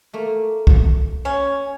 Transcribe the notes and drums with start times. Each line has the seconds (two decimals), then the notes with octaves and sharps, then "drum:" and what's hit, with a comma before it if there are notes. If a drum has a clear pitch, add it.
0.13 A3 A#3
0.67 drum: kick
1.25 C#4